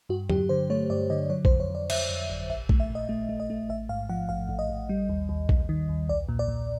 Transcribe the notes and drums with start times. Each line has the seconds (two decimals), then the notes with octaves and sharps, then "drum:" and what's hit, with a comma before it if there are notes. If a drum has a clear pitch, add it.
0.09 G2 F#4
0.30 F#3 G4, drum: tom
0.49 D3 C5
0.70 A3 C#5
0.90 G2 D5
1.10 D3 D#5
1.30 F#3 C#5
1.45 C5, drum: kick
1.50 F2
1.60 C#5
1.70 F2 D5
1.90 F2 E5, drum: cymbal
2.09 F2
2.30 G1
2.50 A#1 E5
2.69 A3, drum: kick
2.80 E5
2.90 A#2
2.95 D#5
3.09 A3
3.29 A3
3.40 D#5
3.50 A3
3.69 A1 E5
3.89 G#2 F5
4.09 F3 F#5
4.29 A1 F5
4.49 A1
4.59 D#5
4.69 A1
4.89 G3
5.09 D#2
5.29 D#2
5.49 D#2, drum: kick
5.69 D#3
5.89 D#2
6.09 B1 D5
6.29 A#2
6.39 D5
6.48 A#2